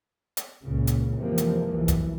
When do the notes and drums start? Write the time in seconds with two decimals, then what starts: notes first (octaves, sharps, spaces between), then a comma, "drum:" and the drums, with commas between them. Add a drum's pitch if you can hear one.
0.37 drum: hi-hat
0.62 C#2 A#2 C#3
0.87 drum: hi-hat
1.15 F2 C3 E3 F3 G#3 A#3
1.38 drum: hi-hat
1.71 B1 E3
1.88 drum: kick, hi-hat